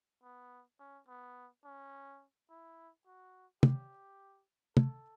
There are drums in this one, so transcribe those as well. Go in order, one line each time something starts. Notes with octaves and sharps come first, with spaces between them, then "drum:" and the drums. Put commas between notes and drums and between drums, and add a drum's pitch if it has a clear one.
B3
C#4
B3
C#4
E4
F#4
G4, drum: tom
A4, drum: tom